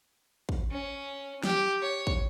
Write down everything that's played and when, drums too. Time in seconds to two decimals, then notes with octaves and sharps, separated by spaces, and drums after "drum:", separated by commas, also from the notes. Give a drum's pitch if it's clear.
0.49 drum: kick
0.71 C#4
1.44 G4, drum: snare
1.82 C#5
2.07 drum: kick